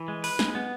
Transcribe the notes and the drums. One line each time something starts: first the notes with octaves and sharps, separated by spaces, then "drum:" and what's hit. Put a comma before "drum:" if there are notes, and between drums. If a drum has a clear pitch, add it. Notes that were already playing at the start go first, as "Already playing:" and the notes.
Already playing: E3
G#3
B4, drum: open hi-hat
G#3, drum: snare
B3